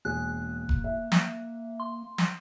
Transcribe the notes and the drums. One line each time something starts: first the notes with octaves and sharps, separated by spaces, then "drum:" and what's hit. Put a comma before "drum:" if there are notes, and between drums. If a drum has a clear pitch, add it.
E1 A#3 G#4 F#6
drum: kick F1
E5
drum: snare
C6
drum: snare